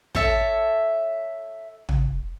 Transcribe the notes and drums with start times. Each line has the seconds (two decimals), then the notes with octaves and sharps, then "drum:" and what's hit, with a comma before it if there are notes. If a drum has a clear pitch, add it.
0.15 A4 C#5 E5 A5, drum: kick
1.89 drum: tom